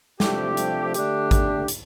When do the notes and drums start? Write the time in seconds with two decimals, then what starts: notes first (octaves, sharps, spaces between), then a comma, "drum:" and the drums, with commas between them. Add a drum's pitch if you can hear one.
0.20 C3 F3 A3 D4 G4, drum: snare
0.57 drum: hi-hat
0.94 D3 A3 D4 G4, drum: hi-hat
1.31 drum: kick G#1, hi-hat
1.68 drum: hi-hat